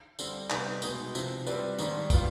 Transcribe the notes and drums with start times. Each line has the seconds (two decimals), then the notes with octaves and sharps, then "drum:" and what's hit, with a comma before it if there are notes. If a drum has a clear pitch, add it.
0.19 D3 G3 C4, drum: tambourine
0.50 C3 G3 B3 D#4 B4, drum: clap
0.82 B2 G#3 B3 D#4 G#4, drum: tambourine
1.15 C3 F3 C4, drum: tambourine
1.47 G3 C4 G4 B4 D5, drum: tambourine
1.78 G#2 D#3 G3 D4, drum: tambourine
2.10 G3 B3 F4, drum: kick, tambourine